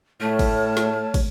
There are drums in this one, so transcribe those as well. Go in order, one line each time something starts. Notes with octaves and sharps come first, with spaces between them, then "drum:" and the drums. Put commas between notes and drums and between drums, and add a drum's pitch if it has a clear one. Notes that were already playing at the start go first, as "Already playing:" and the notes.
A2 A3 A4 C#5 A5 F6
drum: kick, cymbal
drum: snare
drum: kick, cymbal